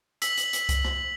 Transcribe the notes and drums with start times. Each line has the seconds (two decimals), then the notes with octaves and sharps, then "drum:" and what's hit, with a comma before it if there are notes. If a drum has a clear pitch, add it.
0.22 E6 B6 F#7, drum: hi-hat
0.37 drum: hi-hat
0.53 drum: hi-hat
0.69 drum: kick C2, hi-hat
0.85 drum: rim click